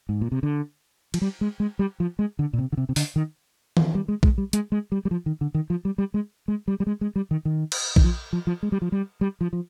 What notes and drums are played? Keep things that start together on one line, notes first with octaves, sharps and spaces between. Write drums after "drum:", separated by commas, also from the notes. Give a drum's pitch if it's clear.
G#2
A#2
C3
D3
F3, drum: cymbal
G3
G#3
G#3
G3
F3
G#3
D3
A#2
C3
D3
C3
C3
D3, drum: open hi-hat
D#3
drum: tom D#3
G3
G#3
G#3, drum: kick
G3
G#3, drum: hi-hat
G#3
G3
G3
F3
D#3
D3
D#3
F3
G3
G3
G#3
G#3
G3
G3
G#3
G#3
G3
D#3
D#3
drum: cymbal
D#3, drum: kick
F3
F3
F3
G#3
G3
F3
G3
G3
F3
F3